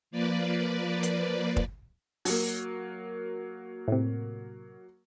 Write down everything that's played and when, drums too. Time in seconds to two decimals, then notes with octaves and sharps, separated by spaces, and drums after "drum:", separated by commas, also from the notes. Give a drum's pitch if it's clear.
0.11 F3 A#3 B4 D5
1.03 drum: hi-hat
1.56 drum: kick
2.25 F#3 A#3, drum: open hi-hat
3.88 A2 C3